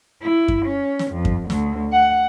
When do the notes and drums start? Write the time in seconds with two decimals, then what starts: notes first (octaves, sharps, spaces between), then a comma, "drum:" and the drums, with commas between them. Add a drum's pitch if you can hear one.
0.23 E4
0.48 drum: kick F#2
0.66 C#4
0.99 drum: snare
1.12 F2
1.25 drum: kick F#2
1.50 D2, drum: snare
1.93 F#5